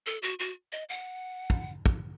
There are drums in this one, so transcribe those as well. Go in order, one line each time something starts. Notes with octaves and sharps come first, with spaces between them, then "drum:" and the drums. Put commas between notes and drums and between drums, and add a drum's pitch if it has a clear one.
A4
F#4
F#4
D#5
F#5
drum: kick
drum: kick